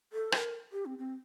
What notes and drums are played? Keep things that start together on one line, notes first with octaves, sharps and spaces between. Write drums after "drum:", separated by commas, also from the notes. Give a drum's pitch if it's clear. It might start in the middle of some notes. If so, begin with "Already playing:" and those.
A4
C5, drum: rim click
A#4
G4
C4
C4